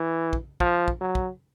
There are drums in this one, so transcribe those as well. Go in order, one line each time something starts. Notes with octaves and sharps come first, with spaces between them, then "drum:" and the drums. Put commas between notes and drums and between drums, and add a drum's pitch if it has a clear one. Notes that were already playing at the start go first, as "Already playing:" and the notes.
Already playing: E3
drum: kick
F3, drum: kick
drum: kick
F#3
drum: kick